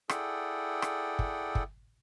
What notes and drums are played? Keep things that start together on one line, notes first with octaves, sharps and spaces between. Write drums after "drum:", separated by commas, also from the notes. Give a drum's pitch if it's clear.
E4 G#4 A4 D5 F#5 G5, drum: rim click
drum: rim click
drum: kick
drum: kick